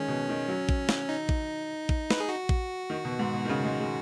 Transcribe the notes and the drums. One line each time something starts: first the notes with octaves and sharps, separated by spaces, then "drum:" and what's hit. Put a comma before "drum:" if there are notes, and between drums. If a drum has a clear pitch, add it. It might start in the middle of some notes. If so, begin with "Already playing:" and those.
Already playing: D#3 G#3 C#4
B2
D#3
F#3
drum: kick A1
drum: snare
D#4
drum: kick A1
drum: kick A1
B4, drum: snare
G#4
F#4
drum: kick A1
D#3
B2
G#2
B2
D#3
C#3
G#3
G#3